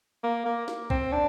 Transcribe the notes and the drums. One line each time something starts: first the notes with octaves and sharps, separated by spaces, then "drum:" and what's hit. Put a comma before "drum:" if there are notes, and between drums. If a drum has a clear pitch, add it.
A#3
A#3
drum: snare
C4, drum: kick B1
D4